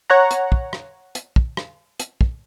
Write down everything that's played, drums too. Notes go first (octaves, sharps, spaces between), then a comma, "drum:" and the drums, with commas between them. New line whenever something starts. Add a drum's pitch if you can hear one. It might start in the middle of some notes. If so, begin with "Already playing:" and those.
C#5 F#5 A#5
drum: hi-hat
drum: kick
drum: rim click
drum: hi-hat
drum: kick
drum: rim click
drum: hi-hat
drum: kick